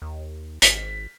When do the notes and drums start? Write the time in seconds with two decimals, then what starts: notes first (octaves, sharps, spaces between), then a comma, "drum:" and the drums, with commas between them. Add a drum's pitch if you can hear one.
0.02 D#2
0.62 G#1 B6, drum: hi-hat